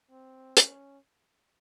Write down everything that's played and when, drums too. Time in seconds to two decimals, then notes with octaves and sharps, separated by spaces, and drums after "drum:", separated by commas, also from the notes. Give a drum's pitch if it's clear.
0.11 C4
0.57 C#4, drum: hi-hat